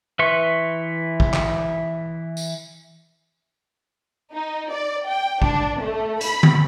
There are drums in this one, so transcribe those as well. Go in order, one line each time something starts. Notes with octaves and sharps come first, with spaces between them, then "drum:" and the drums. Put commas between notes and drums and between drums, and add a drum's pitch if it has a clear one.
E3 B4 E5 C6 C#6
drum: kick
drum: clap
drum: tambourine
D#4
D5
G5
D4, drum: kick
A3
B5, drum: hi-hat
drum: tom D3